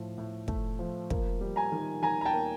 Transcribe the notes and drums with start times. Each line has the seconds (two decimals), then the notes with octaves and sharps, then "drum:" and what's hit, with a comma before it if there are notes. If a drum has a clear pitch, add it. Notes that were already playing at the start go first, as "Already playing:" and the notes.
Already playing: A2 F3 A3
0.18 A2
0.48 A3, drum: kick
0.79 F3
1.10 A#3, drum: kick
1.41 G3
1.56 G#5 A#5
1.72 D#3
2.02 D#3 G#5 A#5
2.21 A#5
2.25 G5 A5
2.33 A#3